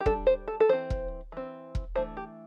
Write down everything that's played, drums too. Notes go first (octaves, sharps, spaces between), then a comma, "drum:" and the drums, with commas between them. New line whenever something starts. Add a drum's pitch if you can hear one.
G4
G3 D4 A4, drum: kick E1
C5
A4
A4
E3 C4 C5
drum: kick E1
E3 C4
drum: kick E1
E3 A3 D4 C5
G4